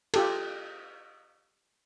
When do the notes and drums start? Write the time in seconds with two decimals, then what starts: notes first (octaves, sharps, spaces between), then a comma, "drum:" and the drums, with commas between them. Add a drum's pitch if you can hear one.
0.14 F4 G4 A4, drum: cymbal